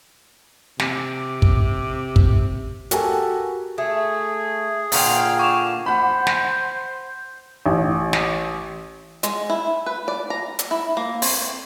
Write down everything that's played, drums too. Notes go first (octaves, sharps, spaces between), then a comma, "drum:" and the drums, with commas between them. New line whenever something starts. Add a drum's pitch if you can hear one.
C3 D6, drum: snare
drum: kick
drum: kick
F#4 G4 A4 A#4 G#5, drum: hi-hat
A3 G#4
A#2 D3 F5 G5, drum: open hi-hat
C#6 D6 E7
C5 F#5 B5
drum: snare
A1
drum: snare
G#3, drum: hi-hat
E4
B4
D5
A#5
drum: hi-hat
E4
A#3
C4, drum: open hi-hat